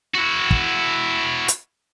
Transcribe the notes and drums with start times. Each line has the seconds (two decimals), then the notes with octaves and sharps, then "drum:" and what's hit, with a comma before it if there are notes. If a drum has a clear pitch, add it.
0.15 E4 F#4
0.51 drum: kick
1.48 drum: hi-hat